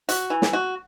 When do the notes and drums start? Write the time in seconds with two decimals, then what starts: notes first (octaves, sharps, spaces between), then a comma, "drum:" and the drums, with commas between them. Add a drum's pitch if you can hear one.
0.09 F#4, drum: hi-hat
0.30 E3
0.42 drum: snare
0.53 F#4